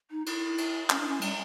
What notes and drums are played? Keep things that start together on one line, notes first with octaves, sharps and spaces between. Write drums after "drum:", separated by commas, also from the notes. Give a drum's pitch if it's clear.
D#4
E4, drum: cymbal
drum: cymbal
C#4, drum: clap
D4
C#4
G3, drum: cymbal